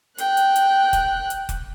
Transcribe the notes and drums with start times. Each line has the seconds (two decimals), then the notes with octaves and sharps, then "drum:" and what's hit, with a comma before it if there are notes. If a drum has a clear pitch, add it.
0.18 G5 F#6, drum: hi-hat
0.37 drum: hi-hat
0.56 drum: hi-hat
0.93 drum: kick F1, hi-hat
1.30 drum: hi-hat
1.49 drum: kick F1, hi-hat